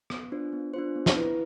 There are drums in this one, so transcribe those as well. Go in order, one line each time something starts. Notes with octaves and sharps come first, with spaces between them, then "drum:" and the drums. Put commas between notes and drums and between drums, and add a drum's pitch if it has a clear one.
B3, drum: rim click
D4 F4 C5
B3
D4 F4 C5
B3
drum: snare
E4 B4